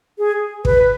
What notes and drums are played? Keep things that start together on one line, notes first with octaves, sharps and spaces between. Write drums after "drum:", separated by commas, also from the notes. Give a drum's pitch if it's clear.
G#4
B4, drum: kick